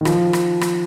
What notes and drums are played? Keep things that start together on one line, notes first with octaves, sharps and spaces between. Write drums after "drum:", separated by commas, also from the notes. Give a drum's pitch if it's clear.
D#3
F3, drum: rim click
drum: rim click
drum: rim click